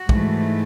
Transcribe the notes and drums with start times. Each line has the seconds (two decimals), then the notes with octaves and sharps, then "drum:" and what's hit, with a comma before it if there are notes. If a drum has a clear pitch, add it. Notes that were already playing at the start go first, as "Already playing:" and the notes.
Already playing: F#4
0.09 G#2 E3 A3, drum: kick